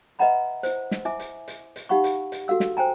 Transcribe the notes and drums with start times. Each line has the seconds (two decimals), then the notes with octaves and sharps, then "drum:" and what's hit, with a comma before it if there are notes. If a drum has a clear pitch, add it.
0.19 B4 D#5 E5 F#5 A#5 B5
0.63 E4 C5, drum: hi-hat
0.91 drum: snare
1.05 E4 E5 G#5 D6
1.20 drum: hi-hat
1.48 drum: hi-hat
1.76 drum: hi-hat
1.89 D#4 G4 F5 F#5 B5 C#6
2.04 drum: hi-hat
2.32 drum: hi-hat
2.48 F#4 A4 F5 E6
2.60 drum: snare
2.77 C5 G5 G#5 A#5